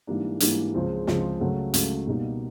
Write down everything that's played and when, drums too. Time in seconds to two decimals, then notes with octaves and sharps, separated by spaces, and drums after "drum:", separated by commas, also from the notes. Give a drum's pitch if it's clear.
0.07 G#2 E3 G3 A#3 D4
0.40 G#2 E3 G3 A#3 D4, drum: hi-hat
0.74 C#2 C#3 F3 G#3 C4
1.07 C#2 C#3 F3 G#3 C4, drum: snare
1.41 C#2 C#3 F#3 A3
1.74 C#2 C#3 F#3 A3, drum: hi-hat
2.07 B2 G3 A#3 D#4 G4